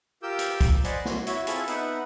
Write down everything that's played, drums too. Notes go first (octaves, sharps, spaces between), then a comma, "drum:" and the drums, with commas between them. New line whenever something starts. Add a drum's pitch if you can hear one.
F4 G4 A#4 D6 E6 G6
drum: hi-hat
drum: kick, hi-hat
C5 D5 D#5 F#5 G#5 B5, drum: hi-hat
F#4 C6, drum: snare
E4 F#4 C#5 E5, drum: hi-hat
C4 E4 F4 G#4 A4 B5, drum: hi-hat
B3 D#4 B4 E5 F#5 B5, drum: hi-hat